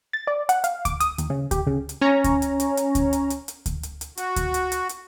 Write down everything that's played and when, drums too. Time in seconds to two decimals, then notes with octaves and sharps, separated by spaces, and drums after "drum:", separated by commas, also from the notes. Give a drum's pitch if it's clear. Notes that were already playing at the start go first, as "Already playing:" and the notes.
0.13 A6
0.27 D5
0.49 F#5, drum: hi-hat
0.64 F5, drum: hi-hat
0.85 D6, drum: kick D2, hi-hat
1.00 D#6, drum: hi-hat
1.18 D#2, drum: hi-hat
1.30 C#3
1.51 G4, drum: kick D2, hi-hat
1.67 C#3
1.89 drum: hi-hat
2.01 C#4 C#5 A#5
2.24 drum: kick D2, hi-hat
2.42 drum: hi-hat
2.60 drum: hi-hat
2.77 drum: hi-hat
2.95 drum: kick D2, hi-hat
3.13 drum: hi-hat
3.30 drum: hi-hat
3.48 drum: hi-hat
3.66 drum: kick D2, hi-hat
3.83 drum: hi-hat
4.01 drum: hi-hat
4.17 F#4, drum: hi-hat
4.36 drum: kick D2, hi-hat
4.54 drum: hi-hat
4.72 drum: hi-hat
4.89 drum: hi-hat